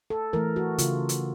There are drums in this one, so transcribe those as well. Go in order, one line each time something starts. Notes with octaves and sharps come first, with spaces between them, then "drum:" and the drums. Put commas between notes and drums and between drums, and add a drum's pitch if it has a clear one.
A4
E3 A3 A#4
F#4
C#3 F4, drum: hi-hat
drum: hi-hat